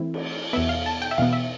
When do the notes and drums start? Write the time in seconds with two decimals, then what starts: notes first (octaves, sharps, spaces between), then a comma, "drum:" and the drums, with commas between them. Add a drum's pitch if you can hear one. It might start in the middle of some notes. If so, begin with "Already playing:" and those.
Already playing: E3 A3 C4 E4
0.14 drum: cymbal
0.53 E2 B2 B3 E5
0.69 F5
0.86 A5
1.02 G5
1.11 E5
1.18 E2 B2 B3 F5
1.33 E5